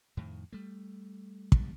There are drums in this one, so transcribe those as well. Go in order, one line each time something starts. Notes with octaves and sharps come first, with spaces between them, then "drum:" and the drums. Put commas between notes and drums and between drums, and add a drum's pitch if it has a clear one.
F2 A2 D#3
G3 A3
C#2 G2 G3, drum: kick